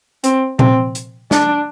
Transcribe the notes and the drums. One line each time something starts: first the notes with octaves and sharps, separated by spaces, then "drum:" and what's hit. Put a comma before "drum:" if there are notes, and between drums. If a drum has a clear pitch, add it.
C4, drum: hi-hat
C4, drum: tom A#2
drum: hi-hat
D4, drum: snare